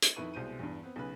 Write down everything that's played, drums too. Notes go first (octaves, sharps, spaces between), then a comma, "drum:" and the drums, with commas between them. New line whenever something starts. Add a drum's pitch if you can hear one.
drum: hi-hat
F2 D#3 E4 B4 C#6 D#7
C2 B2 G#3 C5 D#7
E2 G2
B3 C4
B1 C#3 B4